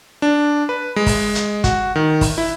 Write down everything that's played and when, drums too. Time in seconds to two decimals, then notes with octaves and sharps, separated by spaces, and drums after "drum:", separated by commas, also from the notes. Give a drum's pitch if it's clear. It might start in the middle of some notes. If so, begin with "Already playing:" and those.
0.22 D4
0.69 B4
0.96 G#3
1.06 drum: kick, open hi-hat
1.35 drum: hi-hat
1.64 F#4, drum: kick, hi-hat
1.96 D#3
2.21 drum: kick, open hi-hat
2.38 E4